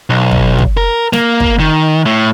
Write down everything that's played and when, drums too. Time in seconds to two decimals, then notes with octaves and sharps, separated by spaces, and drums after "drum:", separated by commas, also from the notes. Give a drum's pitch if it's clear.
0.10 B1
0.31 drum: kick
0.59 drum: kick
0.77 A#4
1.13 A#3, drum: snare
1.40 drum: kick
1.60 D#3
2.06 A2